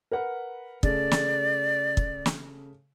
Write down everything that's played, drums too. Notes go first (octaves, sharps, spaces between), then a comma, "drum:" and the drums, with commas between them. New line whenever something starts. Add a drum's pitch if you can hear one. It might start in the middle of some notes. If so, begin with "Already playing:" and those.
A#4 B4 F#5
C#3 A3 D5, drum: kick
drum: snare
drum: kick
drum: snare